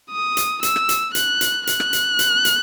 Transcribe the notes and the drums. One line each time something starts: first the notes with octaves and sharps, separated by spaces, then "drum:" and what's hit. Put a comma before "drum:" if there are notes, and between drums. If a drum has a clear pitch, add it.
D#6
drum: hi-hat
E6, drum: hi-hat
drum: rim click
drum: hi-hat
F#6, drum: hi-hat
drum: hi-hat
F#6, drum: hi-hat
drum: rim click
drum: hi-hat
drum: hi-hat
drum: hi-hat